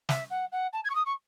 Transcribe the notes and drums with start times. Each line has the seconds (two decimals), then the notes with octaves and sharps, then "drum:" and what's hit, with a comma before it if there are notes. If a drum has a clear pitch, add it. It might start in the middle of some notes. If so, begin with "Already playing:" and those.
0.09 E5, drum: snare
0.30 F#5
0.52 F#5
0.73 A5
0.84 G#6
0.90 C#6
0.95 D#6
1.06 C#6